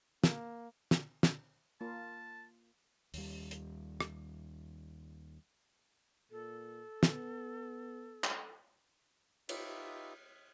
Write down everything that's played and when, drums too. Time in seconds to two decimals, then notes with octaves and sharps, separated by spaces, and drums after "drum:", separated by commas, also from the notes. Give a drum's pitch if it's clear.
0.24 A#3, drum: snare
0.91 drum: snare
1.23 drum: snare
1.81 A#3 F4 A5
3.14 D#2 G3, drum: open hi-hat
3.51 drum: hi-hat
4.00 drum: rim click
6.31 A#2 A4
7.03 B3, drum: snare
8.24 drum: clap
9.49 D#4 F4 G4 B4 E5, drum: cymbal